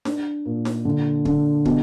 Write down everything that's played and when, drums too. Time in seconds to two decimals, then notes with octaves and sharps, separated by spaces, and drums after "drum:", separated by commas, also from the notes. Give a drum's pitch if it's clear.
0.05 D4, drum: snare
0.46 A#2
0.65 drum: snare
0.85 D3
1.25 D3, drum: kick
1.65 B2, drum: kick